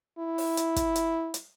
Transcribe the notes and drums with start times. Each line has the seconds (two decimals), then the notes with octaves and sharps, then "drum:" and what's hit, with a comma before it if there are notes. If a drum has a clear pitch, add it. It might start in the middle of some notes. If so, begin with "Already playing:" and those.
0.19 E4
0.38 drum: open hi-hat
0.57 drum: hi-hat
0.76 drum: kick, hi-hat
0.96 drum: hi-hat
1.34 drum: hi-hat